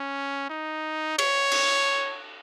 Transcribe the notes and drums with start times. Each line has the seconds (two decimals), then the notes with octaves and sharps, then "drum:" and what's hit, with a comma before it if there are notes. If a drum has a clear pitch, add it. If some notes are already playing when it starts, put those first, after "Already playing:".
Already playing: C#4
0.50 D#4
1.19 C#5, drum: cymbal
1.51 drum: cymbal